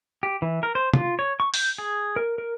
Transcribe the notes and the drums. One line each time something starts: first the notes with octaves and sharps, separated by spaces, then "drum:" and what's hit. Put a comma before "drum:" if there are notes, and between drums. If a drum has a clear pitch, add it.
G4
E3
A#4
C5
F4, drum: tom
C#5
C#6
G6, drum: open hi-hat
G#4
A#4
A#4